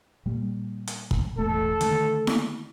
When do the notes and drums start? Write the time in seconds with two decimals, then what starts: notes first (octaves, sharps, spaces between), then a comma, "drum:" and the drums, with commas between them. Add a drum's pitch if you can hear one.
0.26 A#2 G3
0.87 drum: hi-hat
1.11 drum: kick
1.38 E1 A1 A3 A4
1.81 D3 D#3 A3, drum: hi-hat
2.27 drum: snare E4